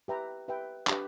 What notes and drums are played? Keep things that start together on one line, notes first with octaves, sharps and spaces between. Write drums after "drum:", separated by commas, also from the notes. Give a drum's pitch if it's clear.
G4 B4 E5 G5 A#5
G4 B4 E5 G5
D4 G4 B4, drum: clap